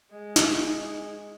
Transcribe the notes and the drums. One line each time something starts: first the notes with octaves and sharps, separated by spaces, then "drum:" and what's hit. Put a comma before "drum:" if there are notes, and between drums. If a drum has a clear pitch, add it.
G#3
drum: snare